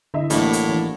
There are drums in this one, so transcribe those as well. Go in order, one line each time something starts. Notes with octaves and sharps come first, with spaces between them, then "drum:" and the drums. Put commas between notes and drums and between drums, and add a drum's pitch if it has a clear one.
D3 E4 D#5 E5
A1 A2 F#3 A#3 D4, drum: hi-hat
drum: hi-hat
D#3 E3 C#4